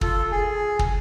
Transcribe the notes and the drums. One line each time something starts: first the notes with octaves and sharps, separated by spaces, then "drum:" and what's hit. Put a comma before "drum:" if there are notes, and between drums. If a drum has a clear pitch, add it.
F4 A4, drum: kick
G#4
drum: kick